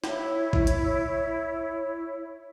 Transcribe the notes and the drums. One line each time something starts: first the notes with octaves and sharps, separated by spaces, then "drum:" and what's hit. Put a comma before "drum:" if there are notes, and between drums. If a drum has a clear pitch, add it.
E4 C#5, drum: snare
drum: kick A1
drum: hi-hat